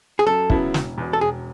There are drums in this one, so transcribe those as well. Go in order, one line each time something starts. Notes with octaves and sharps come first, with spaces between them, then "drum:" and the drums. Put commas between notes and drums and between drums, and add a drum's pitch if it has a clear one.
G#4
F#2 A4
C#3 F#3 B3 E4, drum: kick
E1, drum: snare
E2 B2
A4
E1 G#4